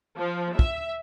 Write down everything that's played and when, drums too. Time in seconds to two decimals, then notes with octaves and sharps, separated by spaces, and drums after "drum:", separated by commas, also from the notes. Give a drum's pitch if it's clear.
0.17 F3
0.59 E5, drum: kick